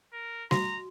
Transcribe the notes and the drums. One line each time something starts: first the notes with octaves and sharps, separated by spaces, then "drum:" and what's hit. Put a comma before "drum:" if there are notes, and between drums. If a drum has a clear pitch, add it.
A#4
F#4 A#5, drum: snare G3